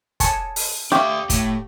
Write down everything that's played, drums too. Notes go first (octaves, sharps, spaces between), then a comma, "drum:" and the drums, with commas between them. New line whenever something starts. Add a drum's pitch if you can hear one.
G#5 A5 C#6, drum: kick, hi-hat
drum: open hi-hat
D4 G4 E5 F5 C#6 D6, drum: rim click
A2, drum: kick, hi-hat